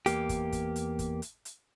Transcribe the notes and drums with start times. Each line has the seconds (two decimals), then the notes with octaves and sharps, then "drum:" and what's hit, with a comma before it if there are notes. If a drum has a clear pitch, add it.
0.06 E2 A#3 G4, drum: hi-hat
0.29 drum: kick G1, hi-hat
0.52 drum: kick G1, hi-hat
0.76 drum: hi-hat
0.99 drum: kick G1, hi-hat
1.22 drum: hi-hat
1.45 drum: hi-hat